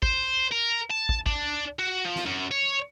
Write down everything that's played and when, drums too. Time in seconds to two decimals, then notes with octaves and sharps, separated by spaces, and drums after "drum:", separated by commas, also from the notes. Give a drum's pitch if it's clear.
0.03 C5, drum: kick
0.52 A#4
0.91 A5
1.09 drum: kick
1.26 D4, drum: kick
1.79 F#4
2.05 F3
2.16 drum: snare
2.26 F#2
2.51 C#5